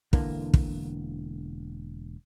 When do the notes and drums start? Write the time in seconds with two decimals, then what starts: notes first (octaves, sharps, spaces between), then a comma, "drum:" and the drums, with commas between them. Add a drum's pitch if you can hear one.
0.13 E1 D3 E3 A#3, drum: kick
0.54 drum: kick